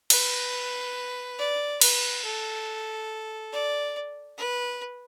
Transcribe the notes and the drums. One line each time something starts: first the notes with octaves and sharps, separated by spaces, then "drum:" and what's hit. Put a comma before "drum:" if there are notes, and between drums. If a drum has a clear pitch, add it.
B4, drum: cymbal
D5
B4, drum: cymbal
A4
D5
B4